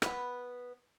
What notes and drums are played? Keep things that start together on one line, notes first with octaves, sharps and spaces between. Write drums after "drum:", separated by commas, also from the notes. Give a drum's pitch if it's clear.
B3 B4, drum: rim click